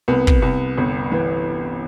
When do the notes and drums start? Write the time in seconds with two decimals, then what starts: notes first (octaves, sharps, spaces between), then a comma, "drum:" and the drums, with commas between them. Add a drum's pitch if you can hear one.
0.08 C2 B3
0.27 drum: kick
0.42 C2
0.77 G1
1.12 E3